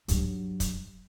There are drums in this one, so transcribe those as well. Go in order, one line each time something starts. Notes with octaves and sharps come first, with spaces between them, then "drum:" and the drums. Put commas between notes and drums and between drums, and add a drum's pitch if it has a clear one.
G2 F#3, drum: hi-hat
drum: kick, hi-hat